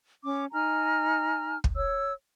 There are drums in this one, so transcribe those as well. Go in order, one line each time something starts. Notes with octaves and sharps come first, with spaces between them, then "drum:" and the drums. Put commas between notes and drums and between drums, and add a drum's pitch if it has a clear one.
C#4 D6
D#4 G#5 A#5 F6
drum: kick
C#5 E6